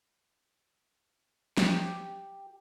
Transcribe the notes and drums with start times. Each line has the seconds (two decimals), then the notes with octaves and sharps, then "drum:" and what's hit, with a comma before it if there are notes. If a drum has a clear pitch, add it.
1.57 G4, drum: snare